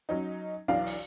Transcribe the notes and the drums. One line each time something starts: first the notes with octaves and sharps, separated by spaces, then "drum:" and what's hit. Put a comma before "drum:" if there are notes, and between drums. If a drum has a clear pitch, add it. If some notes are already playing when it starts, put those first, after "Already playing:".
F#3 C#4 D#4
B1 E3 D4 F5
drum: open hi-hat